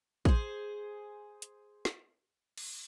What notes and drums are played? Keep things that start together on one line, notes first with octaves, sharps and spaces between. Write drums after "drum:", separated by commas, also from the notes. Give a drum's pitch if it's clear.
G#4 C5, drum: kick
drum: hi-hat
drum: snare
drum: cymbal